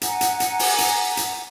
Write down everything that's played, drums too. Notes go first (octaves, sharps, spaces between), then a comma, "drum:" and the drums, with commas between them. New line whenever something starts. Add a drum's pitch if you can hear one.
F#5 G#5 A#5, drum: hi-hat
drum: hi-hat
drum: hi-hat
drum: open hi-hat
drum: hi-hat
drum: hi-hat